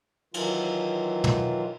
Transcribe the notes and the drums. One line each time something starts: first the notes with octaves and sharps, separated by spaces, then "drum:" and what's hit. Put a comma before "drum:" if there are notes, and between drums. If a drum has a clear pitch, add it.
D#3 E3 F#3 F4, drum: cymbal
drum: tom